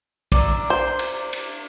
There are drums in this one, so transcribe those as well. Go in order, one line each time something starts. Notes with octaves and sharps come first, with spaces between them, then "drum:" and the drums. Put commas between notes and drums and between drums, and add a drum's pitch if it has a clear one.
D5 A#5 E6, drum: kick, cymbal
C5
drum: cymbal
drum: cymbal